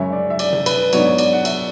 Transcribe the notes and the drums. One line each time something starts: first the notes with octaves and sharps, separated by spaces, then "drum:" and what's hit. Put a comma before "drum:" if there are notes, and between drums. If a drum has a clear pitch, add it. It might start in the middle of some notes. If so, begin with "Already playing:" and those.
Already playing: F#2 C#3 G#3 C#4 E5
D5
E5
D5, drum: cymbal
drum: tom C3
B4, drum: cymbal
G#2 F#3 B3 D4 C#5, drum: cymbal
C#5
D5, drum: cymbal
F#5
E5, drum: cymbal